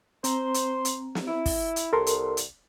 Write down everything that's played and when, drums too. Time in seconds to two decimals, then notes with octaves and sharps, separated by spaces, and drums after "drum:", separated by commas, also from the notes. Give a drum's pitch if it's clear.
0.24 C4 C5 A#5 C6, drum: hi-hat
0.54 drum: hi-hat
0.85 drum: hi-hat
1.15 drum: snare
1.27 E4
1.46 drum: kick, open hi-hat
1.76 drum: hi-hat
1.93 C2 A4 A#4 C6
2.07 drum: hi-hat
2.37 drum: hi-hat